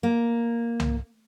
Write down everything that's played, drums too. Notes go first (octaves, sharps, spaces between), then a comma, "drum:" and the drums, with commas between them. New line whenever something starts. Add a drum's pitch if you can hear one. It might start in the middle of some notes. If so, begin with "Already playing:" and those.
A#3
drum: tom C2